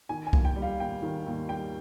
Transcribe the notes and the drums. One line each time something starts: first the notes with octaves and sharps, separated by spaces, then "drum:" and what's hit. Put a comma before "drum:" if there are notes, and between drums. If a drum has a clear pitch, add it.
D#3 G#5
G#5
D#2, drum: kick C2
G5
G3
F5
D#2 G5
D#3
D#2
G3 G5